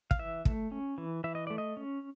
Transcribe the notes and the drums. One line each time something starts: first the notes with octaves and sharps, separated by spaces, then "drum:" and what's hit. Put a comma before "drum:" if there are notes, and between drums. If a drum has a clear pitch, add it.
F5, drum: kick
E3 E5
A3, drum: kick
C#4
E3
E3 E5
D#5
A3 D5
D#5
C#4